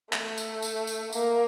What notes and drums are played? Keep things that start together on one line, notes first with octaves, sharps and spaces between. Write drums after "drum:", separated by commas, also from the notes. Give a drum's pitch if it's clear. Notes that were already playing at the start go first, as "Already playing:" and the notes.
A3, drum: clap
drum: tambourine
drum: tambourine
drum: tambourine
A#3, drum: tambourine